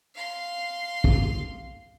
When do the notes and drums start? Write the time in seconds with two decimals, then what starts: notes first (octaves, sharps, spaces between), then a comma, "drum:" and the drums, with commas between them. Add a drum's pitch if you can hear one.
0.15 F5 C6
1.04 drum: kick